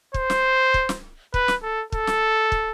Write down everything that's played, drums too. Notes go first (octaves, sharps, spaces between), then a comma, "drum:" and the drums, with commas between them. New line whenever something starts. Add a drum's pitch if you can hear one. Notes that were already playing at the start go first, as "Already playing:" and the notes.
C5, drum: kick
drum: snare
drum: kick
drum: snare
B4, drum: kick
drum: snare
A4
A4, drum: kick
drum: snare
drum: kick